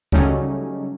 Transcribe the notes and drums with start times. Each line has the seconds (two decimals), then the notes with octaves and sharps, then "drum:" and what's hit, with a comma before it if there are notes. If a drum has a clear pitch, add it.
0.12 C#3 F#3 G3 A3 C#4 D#4, drum: kick C#2